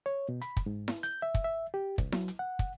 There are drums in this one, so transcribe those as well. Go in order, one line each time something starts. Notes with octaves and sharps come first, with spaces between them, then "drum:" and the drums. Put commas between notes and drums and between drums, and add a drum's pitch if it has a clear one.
C#5
B2
B5, drum: hi-hat
drum: kick, hi-hat
G#2
drum: snare E4
G6, drum: hi-hat
E5
drum: kick, hi-hat
E5
G4
C2, drum: kick, hi-hat
F#3, drum: snare E4
drum: hi-hat
F#5
drum: kick, hi-hat